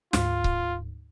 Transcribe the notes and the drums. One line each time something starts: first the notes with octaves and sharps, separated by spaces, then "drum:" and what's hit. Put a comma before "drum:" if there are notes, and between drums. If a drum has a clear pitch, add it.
D2 G#2 F4, drum: snare
drum: kick C#1